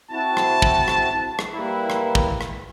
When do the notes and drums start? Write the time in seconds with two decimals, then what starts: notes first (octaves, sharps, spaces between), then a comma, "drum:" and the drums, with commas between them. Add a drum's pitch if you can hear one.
0.11 C4 E4 F#4 A5
0.37 drum: rim click
0.62 drum: kick
0.88 drum: rim click
1.39 drum: rim click
1.54 G3 A#3 E4 B4
1.90 drum: rim click
2.15 drum: kick
2.41 drum: rim click